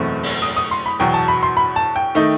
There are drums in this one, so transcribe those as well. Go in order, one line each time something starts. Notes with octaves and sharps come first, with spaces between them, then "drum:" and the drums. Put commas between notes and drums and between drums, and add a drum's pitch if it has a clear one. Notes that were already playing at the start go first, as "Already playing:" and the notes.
Already playing: F#1 E2 B2 A3 C4
drum: open hi-hat
D#6
D#6
C6
B5
E2 B2 F#3 G5
A5
B5
C6
B5
A5
G5
D#3 A3 D#4